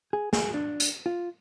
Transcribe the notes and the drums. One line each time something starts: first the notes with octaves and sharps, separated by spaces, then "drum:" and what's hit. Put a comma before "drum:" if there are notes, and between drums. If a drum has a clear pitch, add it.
G#4
G#4, drum: snare
D4
drum: hi-hat
F4